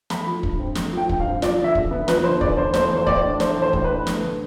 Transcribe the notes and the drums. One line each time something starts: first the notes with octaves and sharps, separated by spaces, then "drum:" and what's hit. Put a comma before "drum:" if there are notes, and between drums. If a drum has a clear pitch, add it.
A3 B5, drum: snare
F3
G2, drum: kick
C4
A3, drum: snare
F3 G5
G2, drum: kick
F5
C4
F3 D5, drum: snare
D3
E5
E2, drum: kick
B3
F3 B4, drum: snare
D3 C5
E2 D5, drum: kick
B3 C5
A3 C5, drum: snare
E3
C5
A2 D5, drum: kick
D4
A3 C5, drum: snare
E3
C5
A2, drum: kick
D4 B4
A3, drum: snare
D3